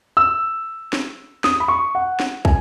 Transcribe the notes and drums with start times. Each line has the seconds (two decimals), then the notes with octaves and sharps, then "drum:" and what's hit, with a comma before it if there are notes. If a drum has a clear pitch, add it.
0.17 E6
0.93 drum: snare
1.44 D#6, drum: snare
1.60 B5
1.68 C#6
1.95 F#5
2.20 drum: snare
2.45 G#5, drum: kick